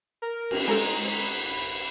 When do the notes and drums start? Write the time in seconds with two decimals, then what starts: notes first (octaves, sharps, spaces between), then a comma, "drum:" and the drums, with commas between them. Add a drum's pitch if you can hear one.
0.22 A#4
0.51 drum: cymbal
0.68 G#3 A4 A#5
1.06 B5